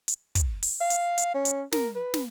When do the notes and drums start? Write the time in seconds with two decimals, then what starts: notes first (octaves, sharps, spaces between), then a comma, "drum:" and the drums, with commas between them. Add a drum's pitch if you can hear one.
0.08 drum: hi-hat
0.35 drum: kick, hi-hat
0.63 drum: open hi-hat
0.81 F5
0.90 drum: hi-hat
1.18 drum: hi-hat
1.34 C#4
1.45 drum: hi-hat
1.72 A#4, drum: snare
1.96 B4
2.14 drum: snare